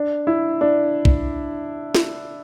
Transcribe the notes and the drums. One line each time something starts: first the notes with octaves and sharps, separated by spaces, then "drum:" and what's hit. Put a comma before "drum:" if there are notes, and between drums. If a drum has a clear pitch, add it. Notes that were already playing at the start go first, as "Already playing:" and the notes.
Already playing: D4
E4
D4
drum: kick B1
drum: snare